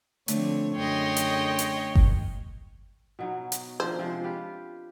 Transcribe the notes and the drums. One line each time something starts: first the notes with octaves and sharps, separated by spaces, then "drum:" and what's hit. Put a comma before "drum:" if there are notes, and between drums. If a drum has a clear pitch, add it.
D3 F3 A3 C4 C#5, drum: hi-hat
F#2 D3 G#4 C#5 D#5 G5 C6
drum: hi-hat
drum: hi-hat
drum: kick G1
B2 F#3 D#4
drum: hi-hat
D#3 F3 D4 C5
C3 F3 G#3
F4 G4 B4